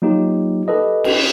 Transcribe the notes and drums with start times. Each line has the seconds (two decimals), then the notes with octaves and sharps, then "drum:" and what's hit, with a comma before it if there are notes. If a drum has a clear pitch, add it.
0.02 F#3 A#3 D#4 F4 G4
0.68 G4 A4 B4 D#5
1.04 drum: cymbal